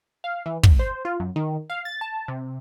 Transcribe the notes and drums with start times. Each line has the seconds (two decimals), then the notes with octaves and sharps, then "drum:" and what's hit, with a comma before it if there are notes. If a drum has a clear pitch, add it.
0.24 F5
0.46 E3
0.63 G#1, drum: kick
0.79 C5
1.05 F4
1.20 F#2
1.36 D#3
1.70 F5
1.85 A6
2.01 A5
2.28 C3